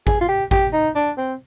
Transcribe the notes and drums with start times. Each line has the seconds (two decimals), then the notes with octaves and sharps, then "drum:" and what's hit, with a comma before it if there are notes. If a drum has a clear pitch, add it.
0.07 G#4, drum: kick G#1
0.21 F4
0.29 G4
0.51 G4, drum: kick G#1
0.73 D#4
0.95 D4
1.18 C4